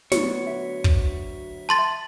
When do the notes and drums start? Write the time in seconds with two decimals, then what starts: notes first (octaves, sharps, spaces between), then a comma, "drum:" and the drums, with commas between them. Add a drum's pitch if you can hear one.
0.12 D2 F#3 B3 C#5, drum: snare
0.47 E5
0.84 drum: kick
1.69 A5 C6 A6